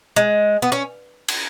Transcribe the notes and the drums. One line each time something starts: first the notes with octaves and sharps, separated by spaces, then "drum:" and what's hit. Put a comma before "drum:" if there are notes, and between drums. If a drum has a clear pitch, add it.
G#3
B3
C#4
drum: cymbal